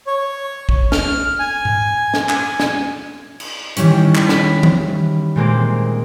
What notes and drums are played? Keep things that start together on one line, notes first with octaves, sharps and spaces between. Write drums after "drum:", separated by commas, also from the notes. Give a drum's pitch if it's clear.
C#5
drum: kick
F6, drum: snare
G#5
drum: tom G#2
drum: snare
G#5, drum: clap
drum: snare
drum: cymbal
D#3 E3 G3 C#4, drum: hi-hat
drum: clap
B5, drum: snare
drum: tom D#3
A#2 G#3 A#3 C4